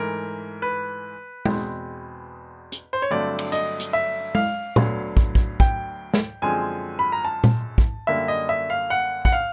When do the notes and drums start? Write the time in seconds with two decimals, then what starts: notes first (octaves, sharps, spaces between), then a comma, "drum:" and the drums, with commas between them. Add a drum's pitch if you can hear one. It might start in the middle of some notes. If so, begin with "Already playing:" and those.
Already playing: G#2 E3 A3 A#4
0.62 B4
1.45 E2 B2 G#3 C4, drum: tom G#3
2.72 drum: hi-hat
2.93 C5
3.02 C#5
3.10 G2 D3 F#3 A3 C4 D5
3.39 drum: cymbal
3.52 D#5, drum: hi-hat
3.80 drum: hi-hat
3.93 E5
4.35 F5, drum: tom G#3
4.76 D2 D3 F#3 B3, drum: tom A#2
5.17 drum: kick
5.35 drum: kick
5.60 G5, drum: kick
6.14 drum: snare
6.42 F#2 D3 F3 G#3 C4 G#5
6.99 B5
7.12 A#5
7.25 A5
7.44 drum: tom A#2
7.78 drum: kick
8.07 F#2 D3 G3 A#3 E5
8.28 D#5
8.49 E5
8.70 F5
8.90 F#5
9.25 F#5, drum: kick
9.32 F5